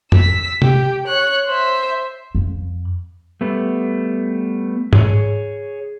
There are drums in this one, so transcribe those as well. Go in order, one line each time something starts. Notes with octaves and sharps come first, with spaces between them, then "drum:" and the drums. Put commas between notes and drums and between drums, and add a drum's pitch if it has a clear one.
E6 B6, drum: tom F2
G4, drum: tom C3
C#5 F#6
C5 E5
F2
G3 A3 B3
G#4 C#5, drum: tom G#2